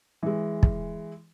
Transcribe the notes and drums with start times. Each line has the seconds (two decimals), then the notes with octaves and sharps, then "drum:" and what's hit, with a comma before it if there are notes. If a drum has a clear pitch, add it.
0.23 E3 G#3
0.63 drum: kick